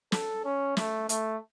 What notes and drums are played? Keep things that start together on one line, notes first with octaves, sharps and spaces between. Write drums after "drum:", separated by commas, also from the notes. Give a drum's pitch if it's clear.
A4, drum: snare
C#4
A3, drum: snare
A3, drum: hi-hat